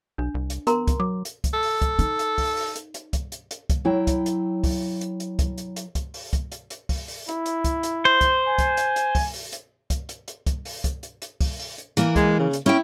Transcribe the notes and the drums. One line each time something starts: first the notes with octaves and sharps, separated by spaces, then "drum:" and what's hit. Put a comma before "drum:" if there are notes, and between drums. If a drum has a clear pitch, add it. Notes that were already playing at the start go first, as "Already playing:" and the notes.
B1 D4
C2
drum: hi-hat
B3 A#4 A#5 C6, drum: hi-hat
drum: kick, hi-hat
F#3 D6
drum: hi-hat
drum: kick, hi-hat
A4
drum: open hi-hat
drum: kick, hi-hat
D#4, drum: hi-hat
drum: hi-hat
drum: kick, open hi-hat
drum: open hi-hat
drum: hi-hat
drum: hi-hat
drum: kick, hi-hat
drum: hi-hat
drum: hi-hat
drum: kick, hi-hat
F#3 E4 G5
drum: kick, hi-hat
drum: hi-hat
drum: kick, open hi-hat
drum: hi-hat
drum: hi-hat
drum: kick, hi-hat
drum: hi-hat
drum: hi-hat
drum: kick, hi-hat
drum: open hi-hat
drum: kick, hi-hat
drum: hi-hat
drum: hi-hat
drum: kick, open hi-hat
drum: open hi-hat
E4, drum: hi-hat
drum: hi-hat
drum: kick, hi-hat
drum: hi-hat
C5
drum: kick, hi-hat
G#5
drum: kick, hi-hat
drum: hi-hat
drum: hi-hat
drum: kick, open hi-hat
drum: open hi-hat
drum: hi-hat
drum: kick, hi-hat
drum: hi-hat
drum: hi-hat
drum: kick, hi-hat
drum: open hi-hat
drum: kick, hi-hat
drum: hi-hat
drum: hi-hat
drum: kick, open hi-hat
drum: open hi-hat
drum: hi-hat
E3 A#3 A#4, drum: hi-hat
G#3, drum: kick, hi-hat
C#3
drum: hi-hat
C#4 E4 F#5 G5